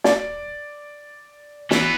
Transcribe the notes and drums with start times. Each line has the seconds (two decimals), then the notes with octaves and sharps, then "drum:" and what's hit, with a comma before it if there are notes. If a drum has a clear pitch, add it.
0.04 D5, drum: snare
1.71 E3 B3, drum: snare